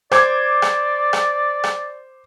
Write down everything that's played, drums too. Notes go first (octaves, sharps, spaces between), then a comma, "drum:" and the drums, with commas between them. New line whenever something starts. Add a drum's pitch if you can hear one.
C5 D5 D6 G#6, drum: rim click
drum: rim click
drum: rim click
drum: rim click